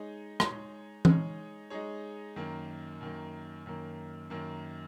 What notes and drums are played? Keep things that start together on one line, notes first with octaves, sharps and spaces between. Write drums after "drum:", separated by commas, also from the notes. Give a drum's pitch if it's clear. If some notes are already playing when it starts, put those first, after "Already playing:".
Already playing: G#3 D#4 G#4 C#5
G#3 D#4 G#4 C#5, drum: rim click
G#3 D#4 G#4 C#5, drum: tom E3
G#3 D#4 G#4 C#5
F#2 D#3 A#3
F#2 D#3 A#3
F#2 D#3 A#3
F#2 D#3 A#3